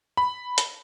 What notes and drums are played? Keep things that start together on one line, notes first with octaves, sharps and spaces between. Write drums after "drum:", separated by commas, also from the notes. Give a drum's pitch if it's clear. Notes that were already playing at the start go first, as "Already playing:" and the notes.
B5
drum: hi-hat